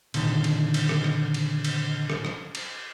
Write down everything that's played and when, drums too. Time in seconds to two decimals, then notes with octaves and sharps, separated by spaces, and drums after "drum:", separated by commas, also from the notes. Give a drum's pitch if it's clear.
0.14 A#2 D3 D#3, drum: cymbal
0.44 drum: cymbal
0.74 drum: cymbal
0.89 drum: rim click
1.04 drum: rim click
1.34 drum: cymbal
1.65 drum: cymbal
2.10 drum: rim click
2.25 drum: rim click
2.55 drum: cymbal